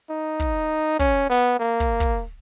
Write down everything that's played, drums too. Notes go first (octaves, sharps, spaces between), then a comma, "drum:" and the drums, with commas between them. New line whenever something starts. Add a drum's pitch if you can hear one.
D#4
drum: kick
C#4, drum: kick
B3
A#3
drum: kick
drum: kick